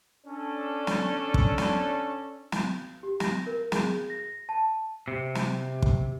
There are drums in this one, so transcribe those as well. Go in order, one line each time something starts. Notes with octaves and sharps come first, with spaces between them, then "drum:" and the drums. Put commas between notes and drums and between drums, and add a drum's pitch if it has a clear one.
C#4 D4 A4
drum: snare
drum: kick
drum: snare
drum: snare
G4
A#6, drum: snare
A#4
G#4, drum: snare
A#6
A5
C3
drum: snare
drum: kick